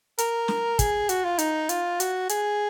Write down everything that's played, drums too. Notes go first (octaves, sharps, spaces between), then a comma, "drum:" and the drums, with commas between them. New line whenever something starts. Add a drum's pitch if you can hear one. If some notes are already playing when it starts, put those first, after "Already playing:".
A#4, drum: hi-hat
drum: snare
G#4, drum: kick, hi-hat
F#4, drum: hi-hat
F4
D#4, drum: hi-hat
F4, drum: hi-hat
F#4, drum: hi-hat
G#4, drum: hi-hat